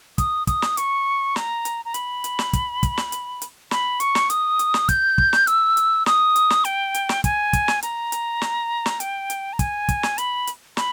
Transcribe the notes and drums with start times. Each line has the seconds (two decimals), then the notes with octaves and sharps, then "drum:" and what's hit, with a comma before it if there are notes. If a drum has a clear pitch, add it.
0.18 D#6, drum: kick, hi-hat
0.47 D#6, drum: kick, hi-hat
0.62 drum: snare
0.77 C#6, drum: hi-hat
1.36 A#5, drum: snare
1.65 drum: hi-hat
1.85 A#5
1.94 B5, drum: hi-hat
2.24 drum: hi-hat
2.39 drum: snare
2.53 drum: kick, hi-hat
2.83 drum: kick, hi-hat
2.97 drum: snare
3.12 drum: hi-hat
3.42 drum: hi-hat
3.71 B5, drum: snare
4.00 C#6, drum: hi-hat
4.15 drum: snare
4.30 D#6, drum: hi-hat
4.59 drum: hi-hat
4.74 drum: snare
4.89 G6, drum: kick, hi-hat
5.18 drum: kick
5.33 drum: snare
5.47 E6, drum: hi-hat
5.77 drum: hi-hat
6.06 D#6, drum: snare
6.36 drum: hi-hat
6.50 drum: snare
6.65 G5, drum: hi-hat
6.94 drum: hi-hat
7.09 drum: snare
7.24 G#5, drum: kick, hi-hat
7.53 drum: kick, hi-hat
7.68 drum: snare
7.83 A#5, drum: hi-hat
8.12 drum: hi-hat
8.41 drum: snare
8.86 drum: snare
9.00 G5, drum: hi-hat
9.30 drum: hi-hat
9.53 A#5
9.59 G#5, drum: kick, hi-hat
9.89 drum: kick, hi-hat
10.03 drum: snare
10.18 B5, drum: hi-hat
10.47 drum: hi-hat
10.77 B5, drum: snare